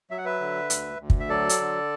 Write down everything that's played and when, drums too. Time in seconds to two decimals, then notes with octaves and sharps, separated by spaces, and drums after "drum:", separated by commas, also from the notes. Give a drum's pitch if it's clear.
0.11 F#3 E5
0.18 F#5
0.25 B4 E5
0.40 D3
0.70 D2, drum: hi-hat
0.99 D2
1.10 drum: kick
1.20 E5
1.29 F#3 A4 D5
1.49 drum: hi-hat
1.60 D3